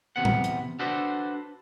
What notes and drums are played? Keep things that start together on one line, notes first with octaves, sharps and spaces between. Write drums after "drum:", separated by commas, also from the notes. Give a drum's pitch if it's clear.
E2 C3 B3 F#5
drum: tom A2
drum: hi-hat
D4 F#4 A4 B4 C5